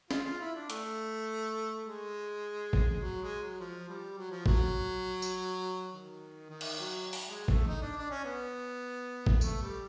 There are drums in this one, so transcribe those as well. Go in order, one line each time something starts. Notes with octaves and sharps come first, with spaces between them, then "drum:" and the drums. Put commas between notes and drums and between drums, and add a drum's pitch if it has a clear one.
F4, drum: snare
F4
E4
D4
A3, drum: hi-hat
G#3
drum: kick G#1
F#3
G#3
F#3
F3
G3
F#3
F3
F#3, drum: kick G#1
drum: tambourine
D#3
D#3
drum: cymbal
F#3
drum: open hi-hat
G#3
A3, drum: kick G#1
D#4
D4
D4
C#4
B3
drum: kick G#1
A3, drum: tambourine
G3